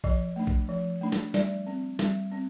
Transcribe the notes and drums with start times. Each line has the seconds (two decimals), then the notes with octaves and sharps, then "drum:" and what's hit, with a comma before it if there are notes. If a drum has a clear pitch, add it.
0.04 F3 D#5, drum: kick A#1
0.36 A3 D4
0.47 drum: kick A#1
0.69 F3
1.01 A3 D4
1.12 drum: snare
1.34 G3 D5, drum: snare
1.67 C4
1.99 G3, drum: snare
2.32 C4